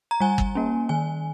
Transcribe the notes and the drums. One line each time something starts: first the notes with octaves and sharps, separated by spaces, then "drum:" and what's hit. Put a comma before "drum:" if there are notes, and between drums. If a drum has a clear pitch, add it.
A#5
G3 G#5
drum: kick G1
A#3 C#4
D#3 G#5